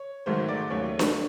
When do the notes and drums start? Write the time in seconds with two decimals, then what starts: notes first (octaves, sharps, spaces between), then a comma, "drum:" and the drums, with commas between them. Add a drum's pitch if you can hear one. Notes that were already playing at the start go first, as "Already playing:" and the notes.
Already playing: C#5
0.26 G#2 D#3 F#3 A3 C5
0.48 D5
0.70 D#2 C#3 F#3 A3 C#5
0.99 drum: snare D4